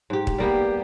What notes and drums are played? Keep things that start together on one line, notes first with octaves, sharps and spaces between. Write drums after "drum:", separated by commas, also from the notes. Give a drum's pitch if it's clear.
G#2 G4
drum: kick
G3 A#3 B3 G4